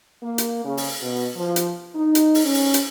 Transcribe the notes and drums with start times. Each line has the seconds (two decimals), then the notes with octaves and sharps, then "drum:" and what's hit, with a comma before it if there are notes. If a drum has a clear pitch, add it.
0.23 A#3
0.38 drum: hi-hat
0.65 C#3
0.77 drum: open hi-hat
1.02 B2
1.36 F3
1.56 drum: hi-hat
1.95 D#4
2.15 drum: hi-hat
2.35 drum: open hi-hat
2.45 C#4
2.54 drum: open hi-hat
2.74 drum: hi-hat